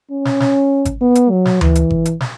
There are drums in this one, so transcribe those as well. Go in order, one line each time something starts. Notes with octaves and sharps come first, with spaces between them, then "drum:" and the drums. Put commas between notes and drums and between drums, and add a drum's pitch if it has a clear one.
C#4
drum: snare
drum: snare
drum: kick G#1, hi-hat
B3
drum: hi-hat
F#3
drum: snare
E3, drum: tom D2
drum: hi-hat
drum: kick G#1
drum: hi-hat
drum: snare